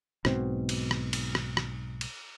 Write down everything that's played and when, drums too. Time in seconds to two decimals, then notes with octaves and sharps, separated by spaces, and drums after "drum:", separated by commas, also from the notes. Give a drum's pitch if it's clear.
0.25 B1 G#2 B2 C4, drum: rim click
0.69 drum: cymbal
0.91 drum: rim click
1.13 drum: cymbal
1.35 drum: rim click
1.57 drum: rim click
2.01 drum: cymbal